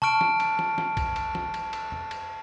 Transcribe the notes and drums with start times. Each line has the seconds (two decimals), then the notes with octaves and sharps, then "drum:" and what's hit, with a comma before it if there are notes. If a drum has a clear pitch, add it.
0.02 A5 C#6 F6 D7, drum: tom
0.21 drum: snare
0.40 drum: cymbal
0.59 drum: snare
0.78 drum: snare
0.97 drum: kick B1, cymbal
1.16 drum: cymbal
1.35 drum: snare
1.54 drum: cymbal
1.73 drum: cymbal
1.92 drum: tom E2
2.11 drum: cymbal